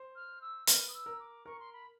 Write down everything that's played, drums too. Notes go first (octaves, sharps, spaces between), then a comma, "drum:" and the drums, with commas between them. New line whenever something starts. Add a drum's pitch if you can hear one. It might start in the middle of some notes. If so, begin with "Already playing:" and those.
Already playing: C5
F6
E6
B4 F6, drum: hi-hat
D#6
E6
A#4
D6
A#4 C#6
C6
B5